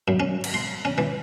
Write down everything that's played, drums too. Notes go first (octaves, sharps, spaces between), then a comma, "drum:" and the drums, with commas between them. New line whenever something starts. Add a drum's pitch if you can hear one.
F#2
C#4
drum: cymbal
C6
C#4
E3